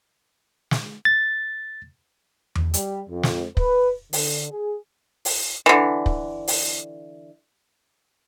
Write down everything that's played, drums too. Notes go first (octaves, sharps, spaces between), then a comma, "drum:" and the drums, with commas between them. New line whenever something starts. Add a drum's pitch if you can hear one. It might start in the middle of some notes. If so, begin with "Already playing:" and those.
drum: snare
A6
drum: tom E2
G3, drum: hi-hat
F2
drum: snare
B4, drum: kick
D3, drum: open hi-hat
G#4
drum: open hi-hat
D3 E3
drum: kick
drum: open hi-hat